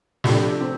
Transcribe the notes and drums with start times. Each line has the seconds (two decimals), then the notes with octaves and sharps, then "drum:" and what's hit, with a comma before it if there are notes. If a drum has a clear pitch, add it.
0.24 C3 F3 A3 D4 G4, drum: snare
0.61 C4